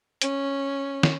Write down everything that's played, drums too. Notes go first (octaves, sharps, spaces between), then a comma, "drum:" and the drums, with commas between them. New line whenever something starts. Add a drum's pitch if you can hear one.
C#4, drum: hi-hat
drum: snare